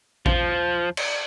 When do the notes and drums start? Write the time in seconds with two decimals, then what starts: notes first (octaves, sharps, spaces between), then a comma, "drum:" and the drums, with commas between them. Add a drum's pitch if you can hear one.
0.26 F3, drum: kick A1
0.97 drum: cymbal